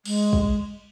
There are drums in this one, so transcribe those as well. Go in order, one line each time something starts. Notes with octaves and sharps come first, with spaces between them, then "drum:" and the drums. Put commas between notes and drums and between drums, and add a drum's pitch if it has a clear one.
G#3, drum: cymbal
drum: kick